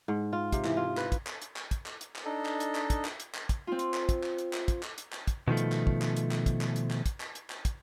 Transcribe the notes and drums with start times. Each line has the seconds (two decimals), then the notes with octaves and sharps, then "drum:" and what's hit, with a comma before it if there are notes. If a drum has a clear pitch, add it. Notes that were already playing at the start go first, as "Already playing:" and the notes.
0.08 G#2
0.33 F4
0.52 C3, drum: kick, hi-hat
0.65 E3, drum: clap
0.77 F4
0.97 B4, drum: clap
1.12 drum: kick, hi-hat
1.27 drum: clap
1.42 drum: hi-hat
1.56 drum: clap
1.71 drum: kick, hi-hat
1.86 drum: clap
2.01 drum: hi-hat
2.16 drum: clap
2.25 D4 D#4 A4 D#5
2.45 drum: clap
2.60 drum: hi-hat
2.75 drum: clap
2.90 drum: kick, hi-hat
3.05 drum: clap
3.20 drum: hi-hat
3.35 drum: clap
3.49 drum: kick, hi-hat
3.67 C4 F4
3.79 drum: hi-hat
3.94 drum: clap
4.09 drum: kick, hi-hat
4.24 drum: clap
4.38 drum: hi-hat
4.53 drum: clap
4.68 drum: kick, hi-hat
4.83 drum: clap
4.98 drum: hi-hat
5.13 drum: clap
5.27 drum: kick, hi-hat
5.48 B2 D#3 F3 A3
5.57 drum: hi-hat
5.72 drum: clap
5.87 drum: kick
6.02 drum: clap
6.17 drum: hi-hat
6.31 drum: clap
6.46 drum: kick, hi-hat
6.61 drum: clap
6.76 drum: hi-hat
6.91 drum: clap
7.06 drum: kick, hi-hat
7.20 drum: clap
7.35 drum: hi-hat
7.50 drum: clap
7.65 drum: kick, hi-hat